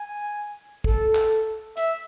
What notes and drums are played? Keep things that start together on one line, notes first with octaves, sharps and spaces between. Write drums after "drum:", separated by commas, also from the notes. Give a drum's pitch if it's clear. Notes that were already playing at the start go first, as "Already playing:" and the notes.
Already playing: G#5
A4, drum: kick
drum: clap
E5, drum: hi-hat